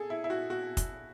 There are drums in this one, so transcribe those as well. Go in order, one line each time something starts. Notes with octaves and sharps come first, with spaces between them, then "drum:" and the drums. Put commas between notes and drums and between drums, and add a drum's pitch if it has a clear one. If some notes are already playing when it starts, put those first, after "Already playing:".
Already playing: G#4 A4
E4
E4
F#4
F#4
drum: kick, hi-hat